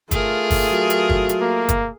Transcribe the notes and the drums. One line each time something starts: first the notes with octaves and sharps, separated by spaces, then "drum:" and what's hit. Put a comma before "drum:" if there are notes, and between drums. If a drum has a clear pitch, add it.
A3 F4 G#4 A#4, drum: kick, hi-hat
drum: kick, open hi-hat
F#3
drum: hi-hat
drum: kick
drum: hi-hat
A#3
drum: kick, hi-hat